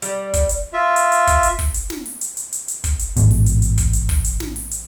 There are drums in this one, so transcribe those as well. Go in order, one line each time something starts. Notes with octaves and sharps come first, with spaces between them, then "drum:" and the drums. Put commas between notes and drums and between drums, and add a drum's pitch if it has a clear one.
G3, drum: hi-hat
drum: kick, hi-hat
drum: hi-hat
F4 E5
drum: hi-hat
drum: hi-hat
drum: kick, hi-hat
drum: hi-hat
drum: kick, open hi-hat
drum: hi-hat
drum: snare
drum: open hi-hat
drum: hi-hat
drum: hi-hat
drum: hi-hat
drum: hi-hat
drum: kick, hi-hat
drum: hi-hat
A1 G#2 B2, drum: hi-hat
drum: open hi-hat
drum: hi-hat
drum: hi-hat
drum: kick, hi-hat
drum: hi-hat
drum: kick, open hi-hat
drum: hi-hat
drum: snare
drum: open hi-hat
drum: hi-hat